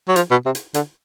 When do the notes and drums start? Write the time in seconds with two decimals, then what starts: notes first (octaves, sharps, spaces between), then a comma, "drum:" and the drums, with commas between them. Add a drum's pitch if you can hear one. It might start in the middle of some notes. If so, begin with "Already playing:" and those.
0.08 F#3
0.16 F3, drum: hi-hat
0.31 B2
0.45 C3
0.55 drum: hi-hat
0.74 D3, drum: hi-hat